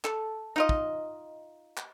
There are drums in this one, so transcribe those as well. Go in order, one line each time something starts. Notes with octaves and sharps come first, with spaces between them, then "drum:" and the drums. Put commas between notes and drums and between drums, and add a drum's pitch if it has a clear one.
A4, drum: clap
D#4 F4 D#5
drum: kick
drum: clap